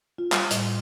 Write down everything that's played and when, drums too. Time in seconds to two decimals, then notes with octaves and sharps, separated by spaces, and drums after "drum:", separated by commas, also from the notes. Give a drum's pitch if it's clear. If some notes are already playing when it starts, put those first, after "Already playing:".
0.18 F4
0.32 G3, drum: clap
0.51 A2, drum: hi-hat